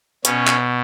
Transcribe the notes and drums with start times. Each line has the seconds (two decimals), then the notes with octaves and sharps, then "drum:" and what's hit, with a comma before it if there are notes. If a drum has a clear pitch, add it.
0.25 B2 C#4, drum: hi-hat
0.47 drum: clap